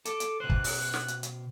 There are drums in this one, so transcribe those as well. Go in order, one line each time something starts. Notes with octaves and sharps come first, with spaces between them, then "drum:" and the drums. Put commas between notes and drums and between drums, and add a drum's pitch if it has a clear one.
A4 D6, drum: hi-hat
drum: hi-hat
B2 C5 F#6
drum: kick
drum: open hi-hat
drum: snare
drum: hi-hat
drum: hi-hat